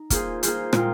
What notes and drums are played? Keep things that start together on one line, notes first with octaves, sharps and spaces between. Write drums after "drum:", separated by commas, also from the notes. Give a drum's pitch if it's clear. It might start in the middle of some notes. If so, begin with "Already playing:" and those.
Already playing: D#4
A#3 F4 G#4 C5, drum: kick, hi-hat
A#3 F4 G#4 C5, drum: hi-hat
A#2 G#3 C4 F4, drum: rim click